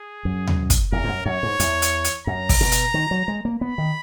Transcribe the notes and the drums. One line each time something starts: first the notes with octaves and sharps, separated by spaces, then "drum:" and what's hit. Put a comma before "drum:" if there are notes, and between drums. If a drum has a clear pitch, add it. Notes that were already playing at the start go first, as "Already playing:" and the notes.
Already playing: G#4
F#2
drum: tom D#2
drum: kick, hi-hat
E2 A#4
G#2
F#2
F#2 C#5
G#2
E2, drum: hi-hat
drum: hi-hat
drum: hi-hat
F#2 A#5
drum: kick, open hi-hat
B2
drum: hi-hat
D#3
F#3
G#3
A#3
B3 B5
D#3